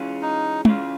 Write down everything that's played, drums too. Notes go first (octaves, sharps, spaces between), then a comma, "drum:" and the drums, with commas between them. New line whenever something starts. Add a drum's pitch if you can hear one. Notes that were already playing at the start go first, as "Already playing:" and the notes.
Already playing: C#3 E3 G#3 C#4 F4
D#4
C#3 E3 G#3 C#4 F4, drum: tom